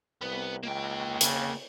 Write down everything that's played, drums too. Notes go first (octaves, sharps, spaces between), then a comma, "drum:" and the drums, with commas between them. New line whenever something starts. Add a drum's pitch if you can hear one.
C2 B3 B4
C#2 A#3 G5
C#3, drum: hi-hat